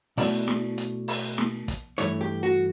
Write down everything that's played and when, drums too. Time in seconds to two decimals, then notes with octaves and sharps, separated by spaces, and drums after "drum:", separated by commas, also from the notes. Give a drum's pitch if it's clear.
0.17 B2 A3 E4 D5, drum: open hi-hat
0.48 drum: snare
0.78 drum: hi-hat
1.08 drum: open hi-hat
1.38 drum: snare
1.68 drum: kick, hi-hat
1.98 G2 E3 A3 E4 C#5, drum: hi-hat
2.21 G4
2.43 F#4